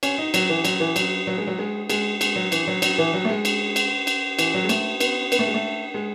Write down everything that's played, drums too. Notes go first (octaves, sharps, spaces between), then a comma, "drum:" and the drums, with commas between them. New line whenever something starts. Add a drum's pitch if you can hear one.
C#4, drum: cymbal
D#4
F#3, drum: cymbal
E3
F#3, drum: cymbal
E3
F#3, drum: cymbal
F#3
G#3
F#3
G#3
G#3, drum: cymbal
G#3, drum: cymbal
F#3
E3, drum: cymbal
F#3
F#3, drum: cymbal
E3
F#3
A3
G#3
drum: cymbal
drum: cymbal
drum: cymbal
E3, drum: cymbal
F#3
G#3
A3, drum: cymbal
B3, drum: cymbal
B3, drum: cymbal
A3
G#3
A3
G#3